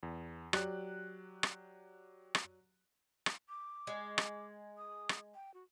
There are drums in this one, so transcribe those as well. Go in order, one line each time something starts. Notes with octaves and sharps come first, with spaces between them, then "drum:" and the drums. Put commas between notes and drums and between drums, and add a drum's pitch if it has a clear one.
E2
F#3 G4 D5 F#6, drum: rim click
drum: rim click
drum: rim click
drum: rim click
D6
G#3
drum: rim click
D#6
drum: rim click
G5
F#4